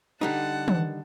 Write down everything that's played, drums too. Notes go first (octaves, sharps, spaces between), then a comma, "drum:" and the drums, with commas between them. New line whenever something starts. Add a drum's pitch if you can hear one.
D3 G3 D#4 F#5 A5
drum: tom